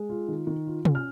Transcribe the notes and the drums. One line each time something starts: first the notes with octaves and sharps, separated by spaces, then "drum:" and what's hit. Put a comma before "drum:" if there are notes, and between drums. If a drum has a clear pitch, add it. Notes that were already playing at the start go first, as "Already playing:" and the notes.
Already playing: G#3
F4
D#3
D#3
F4
C#4, drum: tom
F6